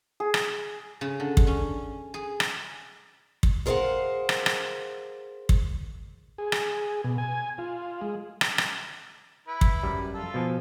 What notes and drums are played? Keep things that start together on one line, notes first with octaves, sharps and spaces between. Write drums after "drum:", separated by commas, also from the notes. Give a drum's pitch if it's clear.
G#4
drum: rim click
C#3
D3
drum: kick
C#4
G#4
drum: rim click
drum: kick
G#4 A#4 C5 D5 F5 F#5
drum: rim click
drum: rim click
drum: kick
G#4
drum: rim click
B2
G#5
F4
G#3
drum: rim click
drum: rim click
E4 B4
drum: kick
F#2 G3
F4 A4
B2 F3 G#5